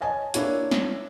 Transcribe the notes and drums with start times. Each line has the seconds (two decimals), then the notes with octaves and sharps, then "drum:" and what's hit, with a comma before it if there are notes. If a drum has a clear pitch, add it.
0.01 C#5 D#5 G#5 A5
0.34 A#3 D4 E4 C#5, drum: hi-hat
0.71 drum: snare